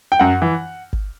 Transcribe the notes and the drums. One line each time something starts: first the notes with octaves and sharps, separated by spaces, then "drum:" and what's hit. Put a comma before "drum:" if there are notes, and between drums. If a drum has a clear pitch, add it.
G5
F#2 F#5
E3
drum: kick G1